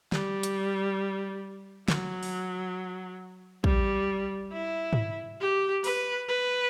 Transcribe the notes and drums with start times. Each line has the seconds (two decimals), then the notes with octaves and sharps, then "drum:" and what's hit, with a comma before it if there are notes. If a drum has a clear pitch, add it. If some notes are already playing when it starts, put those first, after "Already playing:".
0.12 G3, drum: snare
0.43 drum: hi-hat
1.88 F#3, drum: snare
2.23 drum: open hi-hat
3.64 G3, drum: kick
4.52 E4
4.93 drum: tom G#2
5.40 G4
5.84 B4, drum: open hi-hat
6.28 B4